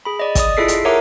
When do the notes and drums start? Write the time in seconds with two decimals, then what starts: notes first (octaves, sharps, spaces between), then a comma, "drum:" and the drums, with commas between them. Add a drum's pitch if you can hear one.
0.05 G#4 B5
0.19 D5 D#5
0.35 D5 D#5 D#6, drum: kick, hi-hat
0.57 E4 F4 G#4 A4 B6 C7
0.68 drum: hi-hat
0.85 A#4 C#5 E5 F#5 A#5 D6